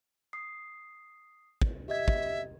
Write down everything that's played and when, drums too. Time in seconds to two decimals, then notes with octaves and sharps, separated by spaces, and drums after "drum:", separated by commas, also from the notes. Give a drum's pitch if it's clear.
0.33 D#6 C7
1.62 drum: kick
1.88 G4 D#5 E5 G#6
2.08 drum: kick